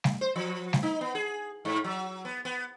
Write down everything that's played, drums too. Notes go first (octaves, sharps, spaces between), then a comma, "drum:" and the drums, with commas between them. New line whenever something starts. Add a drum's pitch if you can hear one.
drum: snare G3
C5
F3
drum: snare G3
D#4
B3
G#4
G#2
F#3
B3
B3